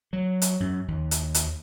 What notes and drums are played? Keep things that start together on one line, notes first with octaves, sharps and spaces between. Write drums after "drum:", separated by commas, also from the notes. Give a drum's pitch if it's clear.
F#3
drum: hi-hat
F#2
D#2
drum: hi-hat
drum: hi-hat